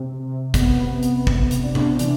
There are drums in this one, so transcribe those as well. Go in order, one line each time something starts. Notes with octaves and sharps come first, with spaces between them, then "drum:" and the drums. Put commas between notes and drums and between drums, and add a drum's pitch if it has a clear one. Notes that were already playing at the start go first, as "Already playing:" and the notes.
Already playing: C3
C3
B3, drum: kick, hi-hat
B3
drum: hi-hat
B3, drum: kick
drum: hi-hat
D4
drum: tom C3
E3, drum: hi-hat